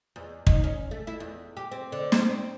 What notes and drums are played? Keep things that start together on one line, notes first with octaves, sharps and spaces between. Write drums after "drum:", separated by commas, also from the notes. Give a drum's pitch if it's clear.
E2
D#4, drum: kick
C#4
A3
E4
E2
G4
C4
D3
C5, drum: snare
C4